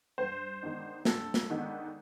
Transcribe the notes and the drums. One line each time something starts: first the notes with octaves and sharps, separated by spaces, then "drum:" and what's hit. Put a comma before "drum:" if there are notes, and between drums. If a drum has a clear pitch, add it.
G2 C5
D#3 G#3 B3 D4
G2 A4, drum: snare
drum: snare
D#3 G#3 B3 D4